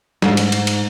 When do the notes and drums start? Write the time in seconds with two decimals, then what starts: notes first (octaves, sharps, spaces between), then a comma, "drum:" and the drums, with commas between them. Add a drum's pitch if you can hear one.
0.22 G#2, drum: snare
0.37 drum: cymbal
0.52 drum: cymbal
0.67 drum: cymbal